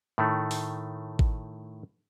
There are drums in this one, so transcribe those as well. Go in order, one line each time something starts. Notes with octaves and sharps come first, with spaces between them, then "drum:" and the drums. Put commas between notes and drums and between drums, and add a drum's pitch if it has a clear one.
A2 D#3 A3
drum: open hi-hat
drum: kick G#1